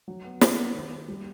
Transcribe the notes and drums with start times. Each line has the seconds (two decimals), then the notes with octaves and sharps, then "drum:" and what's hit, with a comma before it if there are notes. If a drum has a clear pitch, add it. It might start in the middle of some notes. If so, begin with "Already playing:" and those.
0.08 F#3
0.24 B3
0.41 B3, drum: snare
0.58 B3
0.75 D#3
0.91 F#4
1.08 G3